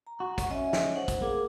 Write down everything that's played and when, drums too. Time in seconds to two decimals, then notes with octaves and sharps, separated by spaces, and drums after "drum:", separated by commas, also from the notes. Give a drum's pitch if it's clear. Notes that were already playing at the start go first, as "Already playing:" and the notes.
0.07 A#5
0.20 F#4
0.38 drum: kick, hi-hat
0.51 C#4 D#5 E5
0.73 drum: snare
0.96 C5 F#5
1.08 drum: kick, hi-hat
1.22 A#3 G#4 D6